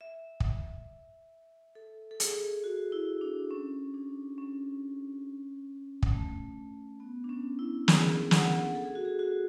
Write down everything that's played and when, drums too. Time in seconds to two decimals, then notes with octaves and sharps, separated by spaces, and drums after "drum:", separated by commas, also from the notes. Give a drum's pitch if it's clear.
0.01 E5
0.40 drum: kick
1.75 A4
2.11 A4
2.20 G#4, drum: hi-hat
2.64 F#4
2.92 E4
3.21 D4
3.51 C#4
3.94 D4
4.38 C#4
6.03 drum: kick
6.13 A3
7.00 B3
7.24 D4
7.29 C#4
7.59 E4
7.88 G#4, drum: snare
8.31 F#5, drum: snare
8.75 A4
8.85 G#4
8.95 F#4
9.05 G#4
9.19 F#4